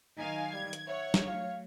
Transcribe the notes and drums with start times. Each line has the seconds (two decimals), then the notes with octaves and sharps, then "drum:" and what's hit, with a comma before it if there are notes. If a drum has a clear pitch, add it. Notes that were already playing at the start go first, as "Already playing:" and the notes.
0.17 D#3 F#3 D#4 F5 G#5
0.52 G3 G#6
0.73 drum: hi-hat
0.88 C#5 E5 F#5
1.14 drum: snare
1.27 F#3 A3 F5